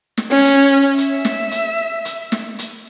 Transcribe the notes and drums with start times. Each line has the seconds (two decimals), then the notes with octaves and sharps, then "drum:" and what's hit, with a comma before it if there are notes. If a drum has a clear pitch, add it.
0.17 drum: snare
0.30 C#4
0.44 drum: hi-hat
0.98 E5, drum: hi-hat
1.25 drum: snare
1.51 drum: hi-hat
2.05 drum: hi-hat
2.32 drum: snare
2.59 drum: hi-hat